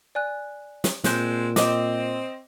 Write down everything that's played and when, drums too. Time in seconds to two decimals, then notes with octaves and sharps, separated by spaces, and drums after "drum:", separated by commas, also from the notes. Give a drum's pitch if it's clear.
0.15 D5 G#5 F#6
0.84 drum: snare
1.04 A#2 G#3 C4 F#6 G6, drum: snare
1.56 C4 D#5 D6, drum: snare